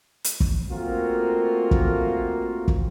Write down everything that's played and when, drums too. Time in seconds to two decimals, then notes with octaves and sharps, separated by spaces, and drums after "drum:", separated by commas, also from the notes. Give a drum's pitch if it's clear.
0.24 drum: hi-hat
0.40 drum: kick
0.71 A3 A#3 C4 F4 F#4 A#4
1.71 drum: kick
2.68 drum: kick